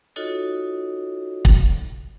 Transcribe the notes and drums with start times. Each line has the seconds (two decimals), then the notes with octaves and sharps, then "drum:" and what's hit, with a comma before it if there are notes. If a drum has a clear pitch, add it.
0.16 D#4 F4 F#4 A4 C#5 D#5
1.45 drum: kick